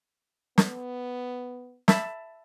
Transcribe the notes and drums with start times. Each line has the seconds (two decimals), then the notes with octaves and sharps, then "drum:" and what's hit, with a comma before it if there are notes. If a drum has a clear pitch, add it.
0.58 B3, drum: snare
1.88 E5 A5 B5, drum: snare